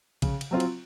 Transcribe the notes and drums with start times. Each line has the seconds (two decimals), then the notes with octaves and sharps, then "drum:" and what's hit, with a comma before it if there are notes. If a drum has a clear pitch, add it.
0.22 C#3, drum: kick A#1, cymbal
0.41 drum: cymbal
0.51 F#3 C4 F4
0.60 drum: cymbal